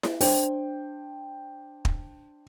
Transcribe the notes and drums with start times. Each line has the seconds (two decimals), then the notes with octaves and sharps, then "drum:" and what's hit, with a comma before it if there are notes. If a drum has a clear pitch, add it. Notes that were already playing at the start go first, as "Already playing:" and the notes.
0.03 drum: snare E4
0.21 D4 C5 G5, drum: open hi-hat
1.85 drum: kick